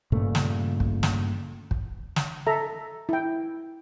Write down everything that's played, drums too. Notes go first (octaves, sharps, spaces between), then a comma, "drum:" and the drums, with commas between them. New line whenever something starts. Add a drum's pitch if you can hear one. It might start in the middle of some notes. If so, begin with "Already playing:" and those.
G2 A#2 C#3 A3
drum: snare
drum: kick
drum: snare
drum: kick
drum: snare
A4 E5 A#5
E4 G5